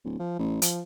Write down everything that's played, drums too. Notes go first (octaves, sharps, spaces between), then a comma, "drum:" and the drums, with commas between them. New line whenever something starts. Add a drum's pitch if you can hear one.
D1
F3
A1
F3, drum: hi-hat